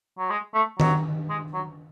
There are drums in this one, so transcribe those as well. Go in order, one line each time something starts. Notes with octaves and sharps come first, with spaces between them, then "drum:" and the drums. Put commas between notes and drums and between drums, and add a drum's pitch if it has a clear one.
F#3
G#3
A3
F#3, drum: tom D#3
G#3
F#3